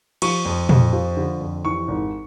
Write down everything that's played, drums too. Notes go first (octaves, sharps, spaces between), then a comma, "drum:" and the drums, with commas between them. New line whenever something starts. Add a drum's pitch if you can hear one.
F3 C#6, drum: cymbal
F2
F2, drum: tom
F3
D3
F2
E3 C#6
G#1